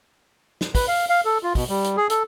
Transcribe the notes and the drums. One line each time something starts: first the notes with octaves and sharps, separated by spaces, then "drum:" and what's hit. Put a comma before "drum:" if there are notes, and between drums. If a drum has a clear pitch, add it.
drum: snare
B4, drum: kick, open hi-hat
F5
F5
A4
F4
B2, drum: kick, open hi-hat
G3
drum: hi-hat
G#4
A4, drum: hi-hat